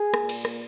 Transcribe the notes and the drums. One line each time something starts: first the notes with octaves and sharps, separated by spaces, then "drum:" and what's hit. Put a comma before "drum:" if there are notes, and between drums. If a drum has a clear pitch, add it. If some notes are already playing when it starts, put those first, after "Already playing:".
Already playing: G#4
A#2 A#3, drum: rim click
drum: cymbal
drum: rim click